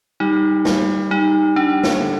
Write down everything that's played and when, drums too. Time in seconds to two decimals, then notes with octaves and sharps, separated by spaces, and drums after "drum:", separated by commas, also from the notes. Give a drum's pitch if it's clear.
0.20 G3 D#4
0.65 G3, drum: snare
1.11 G3 D#4
1.56 G3 D4
1.83 drum: snare
2.01 D3